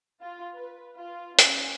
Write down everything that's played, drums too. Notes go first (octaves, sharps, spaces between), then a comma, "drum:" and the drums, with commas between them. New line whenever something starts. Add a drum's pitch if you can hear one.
F4
B4
F4
C#4, drum: hi-hat